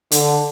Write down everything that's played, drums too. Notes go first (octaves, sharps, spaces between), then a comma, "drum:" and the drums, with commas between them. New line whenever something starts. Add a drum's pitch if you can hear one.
D3, drum: hi-hat